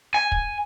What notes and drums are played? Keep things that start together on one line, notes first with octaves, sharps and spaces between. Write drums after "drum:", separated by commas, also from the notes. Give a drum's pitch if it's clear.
G#5
drum: kick